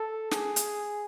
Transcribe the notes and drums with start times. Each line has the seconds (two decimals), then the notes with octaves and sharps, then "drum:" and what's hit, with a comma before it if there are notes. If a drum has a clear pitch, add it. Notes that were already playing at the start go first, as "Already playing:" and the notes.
Already playing: A4
0.31 G#4, drum: snare
0.56 drum: hi-hat